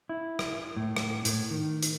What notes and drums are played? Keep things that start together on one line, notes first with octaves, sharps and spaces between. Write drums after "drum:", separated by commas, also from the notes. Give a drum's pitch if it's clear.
E4
drum: rim click
A2
drum: rim click
A2, drum: hi-hat
D#3
drum: hi-hat